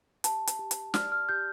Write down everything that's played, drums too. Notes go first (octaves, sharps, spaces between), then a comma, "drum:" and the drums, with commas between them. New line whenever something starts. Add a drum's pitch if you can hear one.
G4 A5, drum: hi-hat
drum: hi-hat
G4
drum: hi-hat
D5 F6, drum: snare
F6
G4 G6